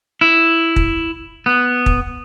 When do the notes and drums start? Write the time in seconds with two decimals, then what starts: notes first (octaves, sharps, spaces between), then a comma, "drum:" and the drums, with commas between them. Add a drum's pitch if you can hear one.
0.21 E4
0.76 drum: kick
1.46 B3
1.86 drum: kick